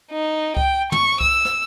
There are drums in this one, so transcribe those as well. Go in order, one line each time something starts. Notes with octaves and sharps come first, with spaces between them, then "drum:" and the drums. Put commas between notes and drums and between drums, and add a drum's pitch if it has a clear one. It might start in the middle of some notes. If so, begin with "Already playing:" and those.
D#4
G5, drum: kick C2
C#6, drum: tom
E6, drum: kick C2
drum: rim click